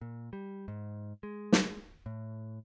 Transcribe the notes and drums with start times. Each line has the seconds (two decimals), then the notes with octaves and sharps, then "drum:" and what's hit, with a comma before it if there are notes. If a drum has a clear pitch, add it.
0.01 A#2
0.33 G3
0.68 G#2
1.23 G#3
1.52 drum: snare
2.06 A2